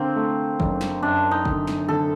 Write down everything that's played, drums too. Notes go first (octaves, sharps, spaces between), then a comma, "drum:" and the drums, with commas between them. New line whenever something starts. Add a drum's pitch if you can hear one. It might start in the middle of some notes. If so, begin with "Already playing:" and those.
Already playing: D3 A#3 C4
A3
F#1, drum: kick F#1
drum: snare
F#2 D4
D#4
D3, drum: kick F#1
drum: snare
D3 A4